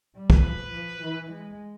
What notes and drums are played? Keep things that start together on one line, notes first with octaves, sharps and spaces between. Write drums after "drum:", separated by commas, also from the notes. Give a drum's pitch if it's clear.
G3
B4, drum: kick
F3
F3
E3
G#3